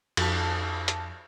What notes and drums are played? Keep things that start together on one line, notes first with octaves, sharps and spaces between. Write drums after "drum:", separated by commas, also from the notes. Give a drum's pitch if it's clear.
F2 A5, drum: cymbal
drum: hi-hat